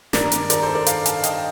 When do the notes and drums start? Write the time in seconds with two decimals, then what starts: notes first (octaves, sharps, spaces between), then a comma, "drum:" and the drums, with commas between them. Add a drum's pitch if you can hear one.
0.13 G2 D#3 A#4 D5, drum: snare
0.32 drum: hi-hat
0.50 A#4 D5, drum: hi-hat
0.62 A4 C5
0.75 A#4 D5
0.86 D5 F5, drum: hi-hat
1.06 F5 A5, drum: hi-hat
1.24 D#5 G5, drum: hi-hat